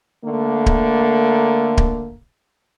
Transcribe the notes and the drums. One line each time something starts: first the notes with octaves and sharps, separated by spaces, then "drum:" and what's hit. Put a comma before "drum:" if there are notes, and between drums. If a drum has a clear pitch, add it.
D3 A3 A#3
drum: kick D1
drum: kick D1